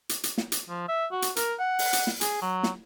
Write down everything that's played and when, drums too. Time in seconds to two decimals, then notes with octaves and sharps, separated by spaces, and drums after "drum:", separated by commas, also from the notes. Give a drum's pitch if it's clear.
0.09 drum: hi-hat
0.23 drum: hi-hat
0.38 drum: snare
0.52 drum: hi-hat
0.69 F3
0.88 E5
1.12 F#4
1.22 drum: hi-hat
1.36 A#4, drum: hi-hat
1.59 F#5
1.79 drum: open hi-hat
1.93 drum: hi-hat
2.07 drum: snare
2.21 G#4, drum: hi-hat
2.42 F#3
2.63 drum: snare